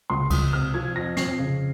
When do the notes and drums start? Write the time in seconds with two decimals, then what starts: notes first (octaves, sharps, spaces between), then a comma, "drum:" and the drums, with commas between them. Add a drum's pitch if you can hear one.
0.10 C#2 C6
0.30 C#2 D#6, drum: kick, cymbal
0.53 C3 F6
0.74 F3 G#6
0.96 F2 A#6
1.17 F2 C7, drum: snare
1.38 C#3